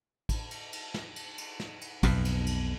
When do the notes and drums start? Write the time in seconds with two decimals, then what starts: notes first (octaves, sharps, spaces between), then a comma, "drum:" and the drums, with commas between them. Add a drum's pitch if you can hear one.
0.29 drum: kick, cymbal
0.51 drum: cymbal
0.73 drum: cymbal
0.94 drum: snare
1.16 drum: cymbal
1.38 drum: cymbal
1.60 drum: snare
1.81 drum: cymbal
2.03 B1 F2 B2, drum: kick, cymbal
2.25 drum: cymbal
2.47 drum: cymbal